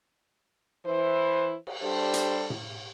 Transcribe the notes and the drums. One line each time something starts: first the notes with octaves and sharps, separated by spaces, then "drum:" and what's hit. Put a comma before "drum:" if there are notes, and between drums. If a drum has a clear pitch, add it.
E3 E4 B4 C5
drum: cymbal
G3 D4 G4 A4 C5
drum: hi-hat
drum: tom A2